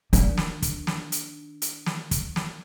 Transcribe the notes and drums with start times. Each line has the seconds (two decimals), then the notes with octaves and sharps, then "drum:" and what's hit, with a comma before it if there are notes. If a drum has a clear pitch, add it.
0.13 D#3 D4, drum: hi-hat
0.38 drum: snare
0.62 drum: kick, hi-hat
0.87 drum: snare
1.12 drum: hi-hat
1.62 drum: hi-hat
1.86 drum: snare
2.11 drum: kick, hi-hat
2.36 drum: snare